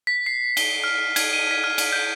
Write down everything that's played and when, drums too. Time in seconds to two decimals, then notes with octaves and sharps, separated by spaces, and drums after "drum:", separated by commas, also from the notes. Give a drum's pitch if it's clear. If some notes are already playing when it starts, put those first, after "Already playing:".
0.07 B6
0.26 C7
0.57 G7, drum: cymbal
0.84 F6
1.16 G#6, drum: cymbal
1.33 D#7
1.51 B6
1.64 F6
1.78 drum: cymbal
1.92 G6